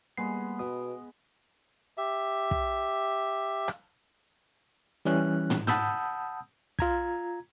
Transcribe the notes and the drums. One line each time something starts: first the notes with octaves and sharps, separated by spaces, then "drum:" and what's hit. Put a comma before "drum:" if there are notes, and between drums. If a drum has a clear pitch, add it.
G3 G#3 A#3 B3 C7
B2 D#6
G4 E5
drum: kick
drum: rim click
E3 G3 C#4 F#6, drum: hi-hat
drum: tom
F#5 A5 B5 D#6 E6 G6, drum: tom
F4 A#5 G#6, drum: kick